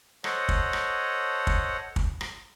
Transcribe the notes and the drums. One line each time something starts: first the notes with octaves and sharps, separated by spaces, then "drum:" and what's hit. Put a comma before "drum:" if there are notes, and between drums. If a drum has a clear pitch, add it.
A4 C5 C#5 D#5 F#5, drum: rim click
drum: kick
drum: rim click
drum: kick
drum: kick
drum: rim click